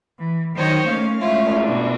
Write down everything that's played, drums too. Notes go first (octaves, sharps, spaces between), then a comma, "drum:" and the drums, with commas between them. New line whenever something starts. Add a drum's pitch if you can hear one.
E3
D#3 F#3 D#4 C5 C#5 D#5
A3 A#3 C#4 F5
G#3 A3 C#4 E4 F4
drum: cymbal
B2 D4